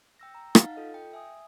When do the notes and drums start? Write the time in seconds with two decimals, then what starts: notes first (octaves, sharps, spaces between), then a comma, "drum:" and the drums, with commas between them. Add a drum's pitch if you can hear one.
0.20 G5 E6 A#6
0.35 A#5
0.55 D#4 F5 F#5 A6, drum: rim click
0.76 F4 A4 D#5
0.94 G5
1.13 E5 G#5 D#6